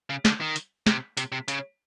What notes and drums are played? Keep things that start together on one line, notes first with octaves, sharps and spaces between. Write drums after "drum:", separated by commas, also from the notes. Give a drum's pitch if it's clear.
C#3
D3, drum: snare
D#3
drum: hi-hat
C3, drum: snare
C3, drum: hi-hat
C3
C#3, drum: hi-hat